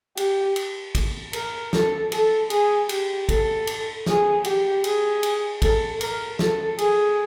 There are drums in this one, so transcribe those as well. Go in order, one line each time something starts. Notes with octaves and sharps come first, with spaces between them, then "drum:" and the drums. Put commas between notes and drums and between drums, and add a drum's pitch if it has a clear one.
G4, drum: cymbal
drum: cymbal
drum: kick G#1, cymbal
A#4, drum: cymbal
A4, drum: snare
A4, drum: cymbal
G#4, drum: cymbal
G4, drum: cymbal
A4, drum: kick G#1, cymbal
drum: cymbal
G#4, drum: snare
G4, drum: cymbal
G#4, drum: cymbal
drum: cymbal
A4, drum: kick G#1, cymbal
A#4, drum: cymbal
A4, drum: snare
G#4, drum: cymbal